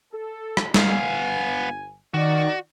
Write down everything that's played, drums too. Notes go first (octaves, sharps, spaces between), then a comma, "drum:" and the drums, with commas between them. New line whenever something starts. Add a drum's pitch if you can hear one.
A4
drum: rim click
G1 B3 F5 G#5, drum: snare
D#3 F#4 D5